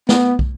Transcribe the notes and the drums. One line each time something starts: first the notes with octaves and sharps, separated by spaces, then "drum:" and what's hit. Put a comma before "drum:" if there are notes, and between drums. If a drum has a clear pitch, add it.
B3, drum: snare
drum: kick